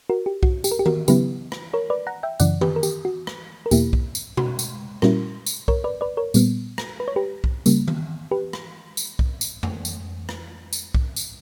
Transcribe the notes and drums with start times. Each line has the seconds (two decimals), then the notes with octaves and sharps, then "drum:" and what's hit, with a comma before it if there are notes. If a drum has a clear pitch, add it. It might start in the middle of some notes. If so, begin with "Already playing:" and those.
0.10 F#4 A#4
0.26 G4
0.43 F#4, drum: kick B1
0.64 G4, drum: tambourine
0.71 A#4
0.79 G4
0.86 F#4 A#4, drum: tom D#3
1.08 C#3 F#3 B3 E4 G4 B4, drum: tambourine
1.52 drum: rim click
1.74 A#4 C#5
1.90 B4 D5
2.07 F#5 A#5
2.23 E5 G5
2.40 F#2 C#3 E3 D5 F#5, drum: tambourine
2.61 G4 B4, drum: tom D#3
2.76 A#4
2.83 G4, drum: tambourine
3.05 F#4
3.27 drum: rim click
3.66 A#4
3.71 E2 B2 A#3 E4 G4, drum: tambourine
3.93 drum: kick B1
4.15 drum: tambourine
4.37 F#4, drum: tom B2
4.59 drum: tambourine
5.02 A#2 G3 C#4 E4 F#4 A#4, drum: rim click
5.46 drum: tambourine
5.68 A#4 C#5, drum: kick B1
5.84 B4 D5
6.01 B4 D5
6.17 A#4 C#5
6.34 A#2 G3 B3, drum: tambourine
6.78 drum: rim click
7.00 B4
7.08 C#5
7.16 G4 B4
7.44 drum: kick B1
7.66 C#3 G3 A#3, drum: tambourine
7.88 drum: tom D#3
8.31 G4 B4
8.53 drum: rim click
8.97 drum: tambourine
9.19 drum: kick B1
9.41 drum: tambourine
9.63 drum: tom F2
9.85 drum: tambourine
10.29 drum: rim click
10.73 drum: tambourine
10.95 drum: kick B1
11.16 drum: tambourine